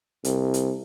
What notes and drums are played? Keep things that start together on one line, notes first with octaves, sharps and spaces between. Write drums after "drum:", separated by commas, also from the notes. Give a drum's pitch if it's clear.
C2, drum: hi-hat
drum: hi-hat